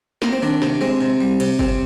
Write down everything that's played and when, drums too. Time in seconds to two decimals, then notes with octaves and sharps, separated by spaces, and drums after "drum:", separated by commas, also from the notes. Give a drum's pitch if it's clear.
0.22 A#3, drum: snare
0.33 C4
0.42 D#3 D4
0.62 C3, drum: snare
0.81 G#3 C4
1.01 C3
1.21 G3
1.40 C3, drum: cymbal
1.59 C3 C4, drum: kick